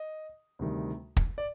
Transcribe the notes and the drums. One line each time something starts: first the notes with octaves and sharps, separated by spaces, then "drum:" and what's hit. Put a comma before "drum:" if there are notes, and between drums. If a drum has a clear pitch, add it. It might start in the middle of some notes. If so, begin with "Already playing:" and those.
Already playing: D#5
D2 C3 D#3 G3
drum: kick
D5